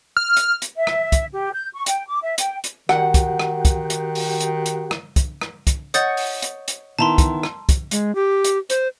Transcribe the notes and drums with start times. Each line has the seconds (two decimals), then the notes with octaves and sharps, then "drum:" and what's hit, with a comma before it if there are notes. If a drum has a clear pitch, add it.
0.17 F6
0.37 drum: hi-hat
0.62 drum: hi-hat
0.77 E5
0.87 drum: rim click
1.12 drum: kick, hi-hat
1.34 G4
1.54 G6
1.73 C#6
1.86 G5, drum: hi-hat
2.08 D6
2.22 E5
2.38 G5, drum: hi-hat
2.64 drum: hi-hat
2.89 D#3 F#4 G4 F#5, drum: rim click
3.14 drum: kick, hi-hat
3.40 drum: rim click
3.65 drum: kick, hi-hat
3.90 drum: hi-hat
4.15 drum: open hi-hat
4.40 drum: hi-hat
4.66 drum: hi-hat
4.91 drum: rim click
5.16 drum: kick, hi-hat
5.41 drum: rim click
5.67 drum: kick, hi-hat
5.94 C#5 D#5 F#5 D#6 G6 A6, drum: hi-hat
6.17 drum: open hi-hat
6.42 drum: hi-hat
6.68 drum: hi-hat
6.99 D#3 B3 E4 A5 A#5 C6
7.18 drum: kick, hi-hat
7.43 drum: rim click
7.69 drum: kick, hi-hat
7.91 G#3, drum: hi-hat
8.15 G4
8.44 drum: hi-hat
8.70 C5, drum: hi-hat